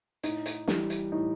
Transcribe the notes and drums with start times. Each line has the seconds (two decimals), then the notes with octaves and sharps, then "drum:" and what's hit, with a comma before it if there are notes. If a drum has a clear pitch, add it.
0.23 A2 D#4, drum: hi-hat
0.46 drum: hi-hat
0.68 E3 G3, drum: snare
0.90 drum: hi-hat
1.12 A2 D#4